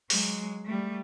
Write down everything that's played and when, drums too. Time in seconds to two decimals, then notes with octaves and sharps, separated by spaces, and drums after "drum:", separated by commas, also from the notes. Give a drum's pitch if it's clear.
0.10 F#3 G#3, drum: open hi-hat
0.65 G3 A3